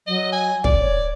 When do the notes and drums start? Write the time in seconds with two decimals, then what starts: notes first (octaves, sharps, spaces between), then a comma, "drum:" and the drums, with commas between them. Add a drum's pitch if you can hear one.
0.07 F#3 D#5
0.32 G#5
0.64 D5, drum: kick
0.79 C#5